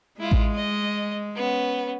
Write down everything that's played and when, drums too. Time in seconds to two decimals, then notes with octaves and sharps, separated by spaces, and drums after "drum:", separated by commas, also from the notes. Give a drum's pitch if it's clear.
0.20 G#3 E4 F4
0.31 drum: kick A1
0.54 D#5
1.35 B3 C#4